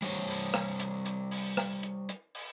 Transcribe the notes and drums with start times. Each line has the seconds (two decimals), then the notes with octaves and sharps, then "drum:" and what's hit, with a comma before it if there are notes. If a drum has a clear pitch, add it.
0.02 G3 C5 C#5, drum: hi-hat
0.28 drum: open hi-hat
0.54 drum: rim click
0.80 drum: hi-hat
1.06 drum: hi-hat
1.31 drum: open hi-hat
1.57 drum: rim click
1.83 drum: hi-hat
2.09 drum: hi-hat
2.35 drum: open hi-hat